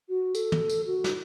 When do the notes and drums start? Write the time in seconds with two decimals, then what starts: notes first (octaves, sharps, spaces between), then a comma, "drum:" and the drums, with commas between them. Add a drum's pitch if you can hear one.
0.09 F#4
0.35 A4, drum: tambourine
0.52 drum: tom
0.70 drum: tambourine
0.87 F#4
1.04 drum: snare